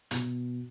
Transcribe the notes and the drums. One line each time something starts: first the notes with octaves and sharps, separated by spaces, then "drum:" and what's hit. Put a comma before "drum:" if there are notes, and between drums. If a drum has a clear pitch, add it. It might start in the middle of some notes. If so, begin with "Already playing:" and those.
B2, drum: hi-hat